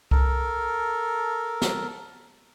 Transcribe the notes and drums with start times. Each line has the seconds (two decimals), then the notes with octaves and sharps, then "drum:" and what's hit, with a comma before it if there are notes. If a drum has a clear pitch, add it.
0.11 A4 A#4, drum: kick C2
1.62 drum: snare